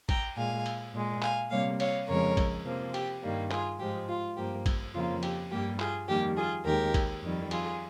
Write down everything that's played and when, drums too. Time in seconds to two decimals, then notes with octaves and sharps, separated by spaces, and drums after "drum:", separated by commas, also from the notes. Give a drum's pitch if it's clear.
0.09 G5 A#5, drum: kick A1, cymbal
0.37 A#2 G#3 F5 G#5
0.66 drum: cymbal
0.94 A#2 G#3
1.22 F5 G#5, drum: clap
1.51 C3 G3 A#3 C#5 F5
1.80 C#5 F5, drum: cymbal
2.09 F2 C#3 G#3 A#4 C#5
2.37 drum: kick A1, cymbal
2.66 C3 F3 A#3
2.94 G4, drum: cymbal
3.23 G2 D#3 G3 A#3
3.51 F4 G#4, drum: clap
3.79 G#2 F3 G#3 G4
4.09 F4
4.37 G2 F3 A#3 G4
4.66 drum: kick A1, cymbal
4.94 F2 C#3 F3 A#3 F4
5.23 G4, drum: cymbal
5.51 G2 G3 A#3 G4
5.80 F4 G#4, drum: clap
6.09 F2 D#3 G3 A#3 G4
6.37 F4 G#4
6.65 D#2 D#3 G#3 G4 A#4
6.94 drum: kick A1, cymbal
7.23 F2 D#3 G3
7.51 F4 G#4, drum: cymbal